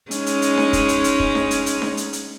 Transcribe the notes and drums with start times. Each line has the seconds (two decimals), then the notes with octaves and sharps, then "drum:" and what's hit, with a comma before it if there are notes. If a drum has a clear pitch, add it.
0.11 G#3 C#4 D#4, drum: hi-hat
0.26 drum: hi-hat
0.42 drum: hi-hat
0.57 drum: snare D4
0.73 drum: kick, hi-hat
0.89 drum: hi-hat
1.04 drum: hi-hat
1.20 drum: kick
1.35 drum: snare D4
1.51 drum: hi-hat
1.66 drum: hi-hat
1.82 drum: snare D4
1.97 drum: hi-hat
2.13 drum: hi-hat